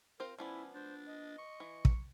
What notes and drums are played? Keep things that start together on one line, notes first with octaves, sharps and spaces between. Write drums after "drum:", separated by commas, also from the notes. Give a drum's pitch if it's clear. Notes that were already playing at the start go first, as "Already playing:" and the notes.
C4 F4 A#4 C5
F3 B3 C#4 E4 D5
D4 C5
D#5
C#6
E3
drum: kick